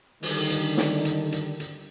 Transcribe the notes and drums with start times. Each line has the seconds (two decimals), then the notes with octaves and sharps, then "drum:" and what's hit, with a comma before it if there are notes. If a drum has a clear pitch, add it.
0.23 D3 D#3 G3, drum: open hi-hat
0.50 drum: hi-hat
0.77 drum: snare
1.05 drum: hi-hat
1.32 drum: hi-hat
1.60 drum: hi-hat